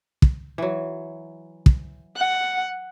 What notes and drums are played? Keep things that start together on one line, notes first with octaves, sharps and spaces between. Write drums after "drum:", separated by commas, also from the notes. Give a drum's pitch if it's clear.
drum: kick
E3 F#3
drum: kick
F#5